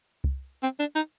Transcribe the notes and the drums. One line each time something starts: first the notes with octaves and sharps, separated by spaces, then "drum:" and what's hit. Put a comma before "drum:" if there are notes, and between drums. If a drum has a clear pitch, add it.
drum: kick C2
C4
D4
D#4